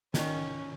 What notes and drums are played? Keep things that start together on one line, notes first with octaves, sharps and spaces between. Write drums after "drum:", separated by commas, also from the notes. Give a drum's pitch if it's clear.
D#3 C#4, drum: snare